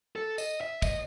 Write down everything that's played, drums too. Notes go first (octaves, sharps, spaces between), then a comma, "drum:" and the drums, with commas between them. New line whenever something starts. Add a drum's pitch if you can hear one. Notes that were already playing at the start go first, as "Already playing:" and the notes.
A4
D#5, drum: tambourine
E5
D#5, drum: kick, tambourine